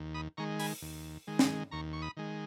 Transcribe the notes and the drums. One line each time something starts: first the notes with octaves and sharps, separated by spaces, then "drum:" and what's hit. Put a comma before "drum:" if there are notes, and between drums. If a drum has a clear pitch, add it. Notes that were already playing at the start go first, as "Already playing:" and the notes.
Already playing: D#2
B5 D#6
D#3 G#3 A#5 C#6
G#5 B5, drum: open hi-hat
D#2
D#3 G#3
drum: snare
D#2 A#5 C#6
C#6
B5 D#6
D#3 G#3